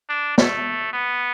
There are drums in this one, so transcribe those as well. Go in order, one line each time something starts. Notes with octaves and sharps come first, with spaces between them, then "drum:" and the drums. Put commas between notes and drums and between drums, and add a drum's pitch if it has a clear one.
D4
A3, drum: snare
B3